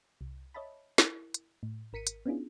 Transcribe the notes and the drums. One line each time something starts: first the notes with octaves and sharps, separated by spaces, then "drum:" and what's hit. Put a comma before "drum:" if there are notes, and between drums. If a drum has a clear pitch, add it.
C2
C#5 D#5 E5 A5 B5
E4 A#4, drum: snare
drum: hi-hat
A2
G#1 A#4 B6 C#7 D#7
drum: hi-hat
B3 C#4 D4 E4 F4 G#4